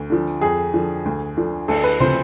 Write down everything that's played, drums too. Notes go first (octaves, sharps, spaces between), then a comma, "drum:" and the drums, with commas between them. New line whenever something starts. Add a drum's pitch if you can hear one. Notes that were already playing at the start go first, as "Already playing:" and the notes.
Already playing: D2
D3 F3
drum: tambourine
F2 G#4
D3 F3
D2
D3 F3
D2 A4, drum: cymbal
B4
C3 F3 C5, drum: tom